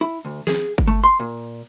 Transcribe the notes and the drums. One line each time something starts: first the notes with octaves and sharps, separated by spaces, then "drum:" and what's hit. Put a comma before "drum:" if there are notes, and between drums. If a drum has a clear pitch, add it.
E4
D2
G#4, drum: snare
drum: kick G1
A3
C6
A#2